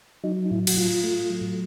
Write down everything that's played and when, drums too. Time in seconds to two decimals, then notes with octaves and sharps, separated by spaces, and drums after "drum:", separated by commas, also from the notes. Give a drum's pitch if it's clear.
0.24 F#3 D#4
0.46 D#4
0.51 A2 E4
0.67 F#4, drum: cymbal
0.77 A2 F4
1.04 A3
1.30 F#3